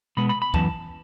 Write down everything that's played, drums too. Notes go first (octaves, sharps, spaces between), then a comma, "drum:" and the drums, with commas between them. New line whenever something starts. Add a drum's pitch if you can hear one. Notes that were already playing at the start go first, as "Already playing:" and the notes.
B2 G#3 B3 B5
B5
B5
F#2 E3 B3 A5, drum: kick